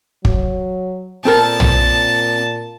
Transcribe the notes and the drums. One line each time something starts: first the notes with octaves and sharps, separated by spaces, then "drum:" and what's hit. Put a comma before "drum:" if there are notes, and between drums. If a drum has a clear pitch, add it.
F#3, drum: kick
A#2 C4 A4 A#4 A5
drum: tom